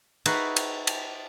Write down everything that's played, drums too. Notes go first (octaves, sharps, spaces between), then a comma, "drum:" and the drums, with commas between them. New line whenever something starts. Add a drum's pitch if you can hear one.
D#4 E4 F#4 G#4 A#4 B4, drum: cymbal
drum: cymbal
drum: cymbal